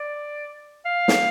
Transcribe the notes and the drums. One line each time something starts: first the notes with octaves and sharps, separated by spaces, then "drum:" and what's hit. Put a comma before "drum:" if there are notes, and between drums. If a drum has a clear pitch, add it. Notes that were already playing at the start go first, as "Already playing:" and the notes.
Already playing: D5
F5
drum: snare